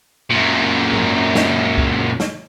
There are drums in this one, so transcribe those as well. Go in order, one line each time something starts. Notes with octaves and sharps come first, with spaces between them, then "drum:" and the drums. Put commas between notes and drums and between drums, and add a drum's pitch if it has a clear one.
F#2 A#2
drum: tom G#2
drum: snare
drum: kick C2
drum: snare